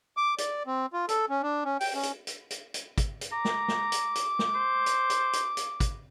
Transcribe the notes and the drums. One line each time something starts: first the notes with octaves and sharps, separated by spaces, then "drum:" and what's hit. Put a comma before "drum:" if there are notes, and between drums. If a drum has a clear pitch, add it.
D6
D5, drum: hi-hat
C4
F4
A4, drum: hi-hat
C#4
D4
C#4
G5, drum: open hi-hat
C#4
drum: hi-hat
drum: hi-hat
drum: hi-hat
drum: hi-hat
drum: kick, hi-hat
drum: hi-hat
A#5 D6
drum: snare
drum: snare
drum: hi-hat
drum: hi-hat
drum: snare
C5
drum: hi-hat
drum: hi-hat
drum: hi-hat
drum: hi-hat
drum: kick, hi-hat